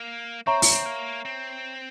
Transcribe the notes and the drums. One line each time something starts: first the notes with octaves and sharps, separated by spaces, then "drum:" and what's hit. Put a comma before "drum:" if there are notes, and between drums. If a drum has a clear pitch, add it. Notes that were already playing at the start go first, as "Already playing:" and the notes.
Already playing: A#3
C4 C#5 E5 A#5 C#6
drum: open hi-hat
C4
A#3
C4